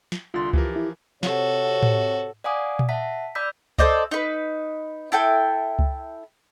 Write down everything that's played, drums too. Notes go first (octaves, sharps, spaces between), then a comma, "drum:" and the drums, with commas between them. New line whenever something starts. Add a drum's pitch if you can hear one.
drum: snare
C2 D3 F4 C6 A6
E3 F3 G4 A#4, drum: kick C#2
E4
C3 F#4 A4 C#5, drum: snare
drum: tom A2
D5 F5 F#5 G#5 D6 D#6
drum: tom A#2
E5 F#5 A5 B6
D5 B5 D6 E6 G6 B6
A4 C5 D5 D#5, drum: kick C#2
D#4 B4
E4 A4 G5 G#5
drum: kick C#2